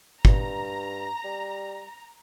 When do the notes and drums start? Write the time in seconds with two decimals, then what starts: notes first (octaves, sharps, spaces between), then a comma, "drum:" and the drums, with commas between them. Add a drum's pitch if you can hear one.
0.25 G2 A#5, drum: kick G1
1.24 G3